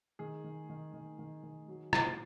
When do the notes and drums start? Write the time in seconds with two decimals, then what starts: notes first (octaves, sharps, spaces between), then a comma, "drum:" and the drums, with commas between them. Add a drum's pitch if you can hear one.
0.19 D#3 G#4
0.44 D#3
0.69 D#3
0.94 D#3
1.19 D#3
1.43 D#3
1.68 F#3
1.93 A#2, drum: rim click